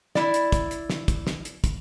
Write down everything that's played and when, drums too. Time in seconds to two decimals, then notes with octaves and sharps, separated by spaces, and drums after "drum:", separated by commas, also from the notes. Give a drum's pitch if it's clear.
0.15 E4 D5, drum: snare
0.34 drum: hi-hat
0.52 drum: kick, hi-hat
0.71 drum: hi-hat
0.90 drum: snare
1.08 drum: kick, hi-hat
1.27 drum: snare
1.45 drum: hi-hat
1.64 drum: kick, hi-hat